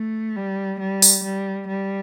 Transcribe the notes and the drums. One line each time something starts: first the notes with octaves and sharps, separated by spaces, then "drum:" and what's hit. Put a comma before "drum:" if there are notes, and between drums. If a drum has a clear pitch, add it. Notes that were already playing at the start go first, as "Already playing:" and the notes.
Already playing: A3
G3
G3
drum: open hi-hat
G3
G3